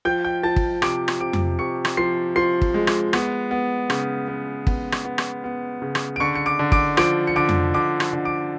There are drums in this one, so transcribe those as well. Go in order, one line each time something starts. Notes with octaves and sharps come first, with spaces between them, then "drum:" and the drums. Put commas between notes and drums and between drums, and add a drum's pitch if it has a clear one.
F3 G5 G6
G5 G6
F3 A5 A6
drum: kick
C3 D6 D7, drum: rim click
drum: rim click
C3 D6 D7
drum: tom F2
C3 C#6 C#7
drum: rim click
F3 C6 C7
F3 C6 C7
drum: kick
G#3
drum: rim click
B3, drum: rim click
B3
C#3, drum: rim click
B3
B3, drum: kick
drum: rim click
B3
drum: rim click
B3
C#3
drum: rim click
D7
D3 C#6 C#7
C#7
D6 D7
D3
D6 D7, drum: kick
F3 D6 D7, drum: rim click
C#7
D3 D6 D7
drum: tom F2
D3 D6 D7
drum: rim click
D3
D6 D7